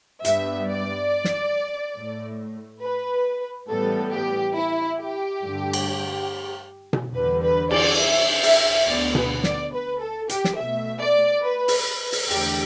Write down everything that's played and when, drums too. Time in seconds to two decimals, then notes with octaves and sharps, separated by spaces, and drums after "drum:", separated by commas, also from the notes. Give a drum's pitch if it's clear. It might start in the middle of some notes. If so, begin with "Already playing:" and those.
0.25 G2 G3 B3 E5, drum: hi-hat
0.68 D5
1.25 drum: snare
1.97 A2 A3
2.83 B4
3.69 A2 E3 G3 B3 A4
4.12 G4
4.55 E4
4.98 G4
5.41 G2 D3 A3
5.73 drum: cymbal
6.93 drum: tom B2
7.13 E2 D3 G3 B4
7.42 B4
7.71 D5, drum: cymbal
8.00 E5
8.43 E5, drum: open hi-hat
8.86 D2 D3 B3 D5
9.15 B4, drum: tom B2
9.43 D5, drum: snare
9.72 B4
10.00 A4
10.29 G4, drum: hi-hat
10.44 drum: snare
10.58 B2 A3 E5
11.01 D5
11.44 B4
11.68 drum: open hi-hat
12.12 drum: open hi-hat
12.30 E2 D3 A3 G4, drum: open hi-hat